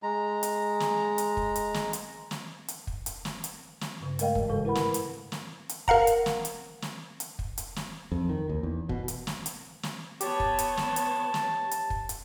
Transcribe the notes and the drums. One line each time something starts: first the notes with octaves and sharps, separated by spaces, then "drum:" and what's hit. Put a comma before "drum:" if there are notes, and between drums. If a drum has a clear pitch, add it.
G#3 A#5
drum: hi-hat
drum: snare
drum: hi-hat
drum: kick
drum: hi-hat
drum: snare
drum: hi-hat
drum: snare
drum: hi-hat
drum: kick
drum: hi-hat
drum: snare
drum: hi-hat
drum: snare
G2 C#3
G#3 A3 A#4 D#5 F5 G5, drum: hi-hat
G#2 E3, drum: kick
G#2 C#3 G#3 A4
E4 A#4 B4 F#5 B5
drum: snare
drum: hi-hat
drum: snare
drum: hi-hat
A#4 F5 F#5 A#5, drum: kick
drum: hi-hat
drum: snare
drum: hi-hat
drum: snare
drum: hi-hat
drum: kick
drum: hi-hat
drum: snare
F2
D#3
D#2
E2
B2, drum: kick
drum: hi-hat
drum: snare
drum: hi-hat
drum: snare
B3 G4 C#5 A5, drum: hi-hat
drum: kick
drum: hi-hat
drum: snare
drum: hi-hat
drum: snare
drum: hi-hat
drum: kick
drum: hi-hat